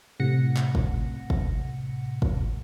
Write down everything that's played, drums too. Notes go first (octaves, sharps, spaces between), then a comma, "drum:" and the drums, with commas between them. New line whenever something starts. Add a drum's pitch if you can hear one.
A2 C3 F#5 A#6 C#7
drum: clap
drum: kick
drum: kick
drum: kick